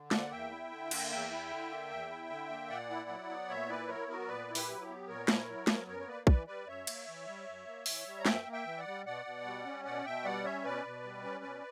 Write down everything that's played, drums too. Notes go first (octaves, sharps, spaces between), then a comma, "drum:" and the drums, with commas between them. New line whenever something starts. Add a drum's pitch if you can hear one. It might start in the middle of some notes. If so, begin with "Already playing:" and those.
Already playing: D3
A#3 D5 F#5, drum: snare
E2 E5 G5
E4
D3
A#3, drum: cymbal
E2 E5 G5
E4
D3
A#3
E2
E4
D3
A#3
A#2 D5 F#5
E4
F#3
B3
A#2 C#5 E5
E4 B4 D5
F#3 A#4 C#5
B3 F#4 A#4
A#2 B4 D5
E4
G4 B4, drum: open hi-hat
F#3
G4
B3
A#2 A#4 C#5
E4, drum: snare
F#3
B3, drum: snare
F#2 A#4 C#5
C#5
A#3 B4 D5
E3 B4 D5, drum: kick
G3 B4 D5
F#2 C#5 E5
A#3, drum: cymbal
E3
G3
F#2
A#3
E3, drum: open hi-hat
G3
A#5
F#2 E5 G5, drum: snare
A#3
E5 G5
E3
D5 F#5
G3
B2 D5 F#5
B2
G3
C#4
B2 D5 F#5
B2 E5 G5
G3 D5 F#5
C#4 C#5 E5
B2 B4 D5
B2
G3
C#4
B2